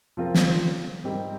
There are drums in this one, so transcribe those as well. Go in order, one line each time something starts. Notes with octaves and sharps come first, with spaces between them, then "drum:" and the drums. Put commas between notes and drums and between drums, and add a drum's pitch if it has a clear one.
F3 C4 F4 A#4
drum: snare
G#2 G3 C4 G4 A#4